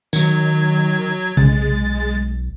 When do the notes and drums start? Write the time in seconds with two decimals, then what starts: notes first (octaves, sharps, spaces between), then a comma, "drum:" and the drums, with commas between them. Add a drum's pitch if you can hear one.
0.13 D#3 F#3 G#6, drum: tambourine
1.37 B1 G#3 A6, drum: tom C3